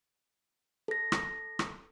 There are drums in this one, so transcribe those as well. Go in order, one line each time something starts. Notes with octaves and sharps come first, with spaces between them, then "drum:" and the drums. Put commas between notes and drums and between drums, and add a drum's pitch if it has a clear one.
A4 A#6
drum: rim click
drum: rim click